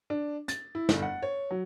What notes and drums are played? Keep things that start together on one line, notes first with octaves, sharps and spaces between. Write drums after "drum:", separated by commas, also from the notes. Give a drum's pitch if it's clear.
D4
A6, drum: hi-hat
E4
G1, drum: snare
F#5
C#5
F#3